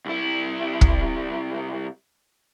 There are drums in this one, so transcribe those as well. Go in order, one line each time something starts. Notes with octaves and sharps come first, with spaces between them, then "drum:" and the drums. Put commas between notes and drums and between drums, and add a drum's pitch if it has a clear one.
C2 E4
drum: kick